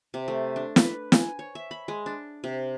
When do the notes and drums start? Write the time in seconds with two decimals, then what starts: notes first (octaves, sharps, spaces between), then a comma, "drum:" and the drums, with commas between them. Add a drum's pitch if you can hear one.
0.14 C3
0.28 A3
0.56 D4
0.76 B4, drum: snare
1.12 G#5, drum: snare
1.39 C#5
1.55 E5
1.71 B5
1.88 G#3
2.06 D4
2.44 C3